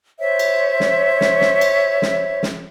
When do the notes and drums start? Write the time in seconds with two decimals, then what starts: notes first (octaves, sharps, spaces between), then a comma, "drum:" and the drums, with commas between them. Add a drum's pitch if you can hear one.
0.19 C5 C#5 E5
0.39 drum: cymbal
0.80 drum: snare
1.21 drum: snare
1.41 drum: snare
1.61 drum: cymbal
2.02 drum: snare
2.43 drum: snare